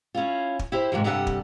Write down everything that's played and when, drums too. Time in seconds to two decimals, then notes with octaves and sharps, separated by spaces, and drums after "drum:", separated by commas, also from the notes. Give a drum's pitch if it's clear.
0.15 C#4 E4 F4
0.59 drum: kick
0.72 E4 G4 C5
0.92 G#2 C3 D#3 F3
1.04 G2 C3 G3 A4 A#4 F#5
1.27 drum: kick